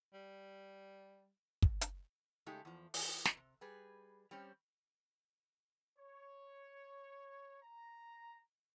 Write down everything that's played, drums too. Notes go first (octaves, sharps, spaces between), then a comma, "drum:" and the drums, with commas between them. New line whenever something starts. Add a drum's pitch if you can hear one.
G3
drum: kick
drum: hi-hat
C#3 G#3 A3 D#4 G4
E2 F3
E3, drum: open hi-hat
drum: snare
C3
G3 G#4 B4
G3 C4 C#4
C#5
A#5